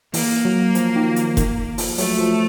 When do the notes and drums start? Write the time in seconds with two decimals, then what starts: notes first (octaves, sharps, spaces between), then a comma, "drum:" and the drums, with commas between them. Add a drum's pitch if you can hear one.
0.14 E3 A#3, drum: open hi-hat
0.45 F#3
0.75 F3, drum: hi-hat
0.96 D#3
1.16 drum: hi-hat
1.37 D#3, drum: kick F1, hi-hat
1.78 F3, drum: open hi-hat
1.98 F#3 A3, drum: open hi-hat
2.19 F3